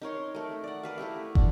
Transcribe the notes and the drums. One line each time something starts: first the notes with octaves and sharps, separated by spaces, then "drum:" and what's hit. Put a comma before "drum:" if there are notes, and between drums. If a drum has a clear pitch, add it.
D#4 A#4 C#5 C6
A3 A#4
D5 F#5
A#4 B4 F5
A3 E4 G4 E5
D3, drum: kick